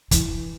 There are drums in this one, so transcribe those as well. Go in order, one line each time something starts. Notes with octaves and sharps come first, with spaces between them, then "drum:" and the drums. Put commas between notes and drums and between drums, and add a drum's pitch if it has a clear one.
E3, drum: kick, hi-hat